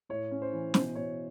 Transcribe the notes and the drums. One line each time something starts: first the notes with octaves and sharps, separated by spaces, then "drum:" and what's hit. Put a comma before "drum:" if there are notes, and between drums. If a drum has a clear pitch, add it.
A2 C#5
C#4
C5
E3
B2 C5, drum: snare
B2 C#5